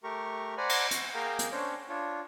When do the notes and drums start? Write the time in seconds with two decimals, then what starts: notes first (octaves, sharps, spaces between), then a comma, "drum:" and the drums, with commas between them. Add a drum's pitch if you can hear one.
0.04 A3 G4 A#4 A#5 C#6
0.57 C5 D5 F#5 G#5 A#5 B5
0.69 drum: cymbal
0.91 C#6, drum: hi-hat
1.14 A#3 G#4 A#4 F5 G5 A#5
1.39 drum: hi-hat
1.52 C#4 D4 C5 C#5
1.89 D4 F4 C#5